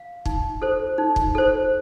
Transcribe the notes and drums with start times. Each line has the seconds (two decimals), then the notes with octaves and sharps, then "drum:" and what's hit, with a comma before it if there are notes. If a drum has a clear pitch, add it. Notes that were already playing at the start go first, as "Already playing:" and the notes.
Already playing: F5
0.25 D#4, drum: kick
0.62 A4 C5
0.98 D#4
1.16 drum: kick
1.35 A4 C5